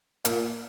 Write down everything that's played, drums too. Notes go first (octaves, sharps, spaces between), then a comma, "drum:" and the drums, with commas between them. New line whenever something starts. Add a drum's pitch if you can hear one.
A#2, drum: hi-hat